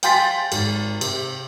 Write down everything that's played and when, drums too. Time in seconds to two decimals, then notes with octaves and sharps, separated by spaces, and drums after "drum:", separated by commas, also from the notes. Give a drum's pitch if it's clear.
0.03 F5 G5 G#5 C6 A6 B6, drum: cymbal
0.52 G#1, drum: cymbal
1.01 C3, drum: cymbal